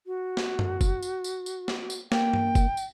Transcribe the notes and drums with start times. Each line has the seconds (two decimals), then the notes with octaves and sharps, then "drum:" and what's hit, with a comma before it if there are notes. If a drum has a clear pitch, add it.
0.07 F#4
0.37 drum: snare
0.59 drum: tom F#2
0.81 drum: kick F#1, tambourine
1.03 drum: tambourine
1.24 drum: tambourine
1.46 drum: tambourine
1.68 drum: snare
1.90 drum: tambourine
2.12 A#3 G5, drum: snare
2.34 drum: tom G2
2.55 drum: kick F#1, tambourine
2.77 drum: tambourine